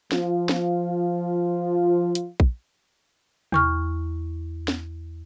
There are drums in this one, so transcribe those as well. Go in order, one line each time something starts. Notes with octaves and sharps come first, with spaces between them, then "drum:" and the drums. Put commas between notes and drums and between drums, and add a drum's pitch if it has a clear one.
F3 F4, drum: snare
drum: snare
drum: hi-hat
drum: kick A#1
E2 C#6 F6, drum: tom
drum: snare